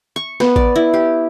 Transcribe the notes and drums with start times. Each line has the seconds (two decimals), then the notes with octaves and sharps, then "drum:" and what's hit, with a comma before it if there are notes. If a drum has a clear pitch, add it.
0.16 C#6
0.40 B3, drum: snare
0.56 D5, drum: kick A1
0.76 E4
0.94 G4